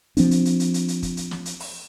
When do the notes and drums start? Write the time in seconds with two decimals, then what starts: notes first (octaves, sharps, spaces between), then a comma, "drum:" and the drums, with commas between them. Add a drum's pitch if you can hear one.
0.17 F3 C4 D4, drum: hi-hat
0.31 drum: hi-hat
0.45 drum: hi-hat
0.60 drum: hi-hat
0.74 drum: hi-hat
0.88 drum: hi-hat
1.03 drum: kick, hi-hat
1.17 drum: hi-hat
1.31 drum: snare
1.46 drum: hi-hat
1.60 drum: open hi-hat